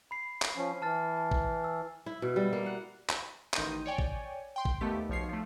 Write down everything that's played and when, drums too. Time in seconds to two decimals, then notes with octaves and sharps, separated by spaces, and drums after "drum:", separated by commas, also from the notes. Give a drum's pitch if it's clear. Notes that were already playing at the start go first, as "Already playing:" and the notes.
0.11 B5 C7
0.42 drum: clap
0.57 F3 C#4
0.82 E3 A5 F6 A6
1.17 A5
1.31 drum: kick A1
1.64 E6
2.06 E4
2.22 B2
2.36 G3
2.53 A#3
2.66 F#5
3.09 drum: clap
3.54 A1 D#3 D#4 C6 G6 D#7, drum: clap
3.86 C#5 D5 G5 G#5
3.98 drum: kick A1
4.56 G5 C6
4.65 drum: kick A1
4.81 D#2 A3 B3 G4 B6
5.09 B1 F3 C#5 C7
5.29 F3 A3